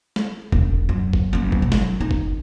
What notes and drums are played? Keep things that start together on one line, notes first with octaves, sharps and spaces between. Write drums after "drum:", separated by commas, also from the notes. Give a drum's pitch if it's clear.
drum: snare
E1, drum: kick F#1
F#2
drum: kick F#1
F#1 A3
drum: kick F#1
B1
drum: snare
D#4
drum: kick F#1